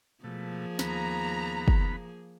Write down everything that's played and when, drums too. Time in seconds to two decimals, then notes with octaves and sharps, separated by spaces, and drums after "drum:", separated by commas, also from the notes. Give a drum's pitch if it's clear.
0.24 B2 F3 A3 A#3 G#4
0.79 D#2 B3 A#5 B5, drum: snare
1.68 drum: kick